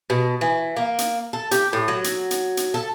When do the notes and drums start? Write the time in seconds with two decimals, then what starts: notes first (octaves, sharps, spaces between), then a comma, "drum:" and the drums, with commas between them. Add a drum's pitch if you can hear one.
0.10 B2
0.41 E3
0.76 A#3
0.99 drum: hi-hat
1.33 A4
1.51 G4, drum: hi-hat
1.73 A2
1.88 F#3
2.04 drum: hi-hat
2.31 drum: hi-hat
2.57 drum: hi-hat
2.74 A4